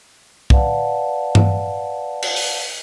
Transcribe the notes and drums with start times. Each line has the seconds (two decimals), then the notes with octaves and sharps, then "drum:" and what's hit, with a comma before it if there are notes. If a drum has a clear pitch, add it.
0.50 B4 D5 F5 F#5 A5, drum: kick
1.35 drum: tom G2
2.22 drum: cymbal
2.36 drum: open hi-hat